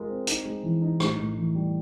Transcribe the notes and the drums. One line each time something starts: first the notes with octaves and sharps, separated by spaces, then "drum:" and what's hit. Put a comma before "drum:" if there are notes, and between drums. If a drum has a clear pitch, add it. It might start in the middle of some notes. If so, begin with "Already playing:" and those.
Already playing: G#3 F4 A#4
C4
D#4, drum: hi-hat
G#3
E3
D#4
A2, drum: rim click
A2
E3
G3